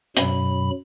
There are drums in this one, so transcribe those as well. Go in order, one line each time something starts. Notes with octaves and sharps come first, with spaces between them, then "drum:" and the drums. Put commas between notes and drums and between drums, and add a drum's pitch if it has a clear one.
F#2 B2 F#3 B5, drum: hi-hat